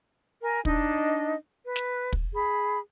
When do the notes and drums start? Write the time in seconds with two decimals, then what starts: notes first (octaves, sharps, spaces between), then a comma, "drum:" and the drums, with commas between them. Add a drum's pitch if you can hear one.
0.43 A#4 G#5
0.65 D4 D#4 D#5, drum: kick
1.65 B4
1.76 drum: snare
2.13 drum: kick
2.35 G#4 B5